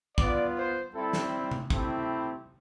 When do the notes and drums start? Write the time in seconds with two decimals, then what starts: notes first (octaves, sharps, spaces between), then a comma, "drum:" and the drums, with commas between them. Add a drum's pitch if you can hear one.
0.18 B3 F4 D5, drum: kick
0.56 C5
0.94 G3 C4 E4 A4
1.13 drum: snare
1.51 drum: tom C3
1.70 A3 C4 E4 G4, drum: kick